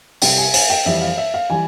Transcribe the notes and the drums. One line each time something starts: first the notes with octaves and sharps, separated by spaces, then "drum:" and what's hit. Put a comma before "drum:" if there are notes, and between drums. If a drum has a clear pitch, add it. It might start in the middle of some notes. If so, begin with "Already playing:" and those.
C2 C3 G3 G5, drum: open hi-hat
G#5
G#5, drum: open hi-hat
G5
F2 E3 G3 E5
F5
E5
F5
E3 G3 G#5